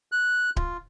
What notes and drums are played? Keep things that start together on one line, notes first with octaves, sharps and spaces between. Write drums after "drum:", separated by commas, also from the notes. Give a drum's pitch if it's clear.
F#6
F4, drum: kick D1